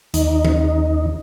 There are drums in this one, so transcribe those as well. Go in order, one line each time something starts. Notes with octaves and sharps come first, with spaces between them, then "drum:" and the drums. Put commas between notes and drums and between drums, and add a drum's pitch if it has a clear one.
D#2 D#4, drum: hi-hat
drum: tom D#3